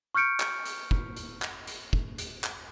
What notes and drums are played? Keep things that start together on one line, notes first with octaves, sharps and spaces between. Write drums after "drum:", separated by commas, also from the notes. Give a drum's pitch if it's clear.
C#6 F6 G6 C#7 D7
drum: clap
drum: hi-hat
drum: kick
drum: hi-hat
drum: clap
drum: hi-hat
drum: kick
drum: hi-hat
drum: clap